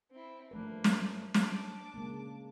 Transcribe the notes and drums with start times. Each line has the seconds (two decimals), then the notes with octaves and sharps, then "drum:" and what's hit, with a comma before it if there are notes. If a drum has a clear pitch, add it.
0.11 C4 E4
0.51 G2 F3 A3 A#3 D4 B4
0.84 drum: snare
1.34 D4 A5 D6, drum: snare
1.94 C#3 G#3 A#3